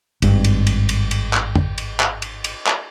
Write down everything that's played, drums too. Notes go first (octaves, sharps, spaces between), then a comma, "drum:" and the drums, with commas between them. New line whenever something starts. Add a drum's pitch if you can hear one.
G#1 G2, drum: cymbal
drum: cymbal
drum: cymbal
drum: cymbal
drum: cymbal
drum: clap
drum: tom
drum: cymbal
drum: clap
drum: cymbal
drum: cymbal
drum: clap